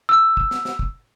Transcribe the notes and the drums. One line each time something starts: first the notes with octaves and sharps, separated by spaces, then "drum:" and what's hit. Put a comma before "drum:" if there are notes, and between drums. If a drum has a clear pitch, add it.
E6
drum: kick
drum: snare
drum: snare
drum: kick